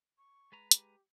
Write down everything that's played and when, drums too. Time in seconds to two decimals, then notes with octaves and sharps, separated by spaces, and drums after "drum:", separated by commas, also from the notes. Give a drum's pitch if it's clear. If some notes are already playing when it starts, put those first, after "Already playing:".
0.18 C#6
0.52 G#3 B4 A#5
0.71 G4, drum: hi-hat